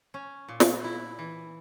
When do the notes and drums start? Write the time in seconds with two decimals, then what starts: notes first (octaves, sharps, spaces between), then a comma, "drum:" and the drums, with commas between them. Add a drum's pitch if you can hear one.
0.14 C#4
0.48 A#2
0.60 drum: snare
0.84 E4
1.19 E3